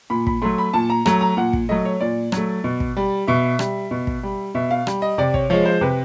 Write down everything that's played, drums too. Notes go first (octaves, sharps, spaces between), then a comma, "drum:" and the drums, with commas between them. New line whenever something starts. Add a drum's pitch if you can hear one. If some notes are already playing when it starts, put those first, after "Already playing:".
A#2 B5
B5, drum: kick
F#3 A3 C6
B5
A#2 A5
A#5
F#3 A3 A#5, drum: rim click
A#5
A#2 F#5
drum: kick
F#3 A3 D#5
C#5
A#2 D5
F#3 A3, drum: rim click
B2
drum: kick
G3
B2 E5
G3, drum: rim click
B2
drum: kick
G3
B2 E5
F5
G3, drum: rim click
D#5
C3 D5
C#5, drum: kick
F3 G#3 C#5
C5
C3 B4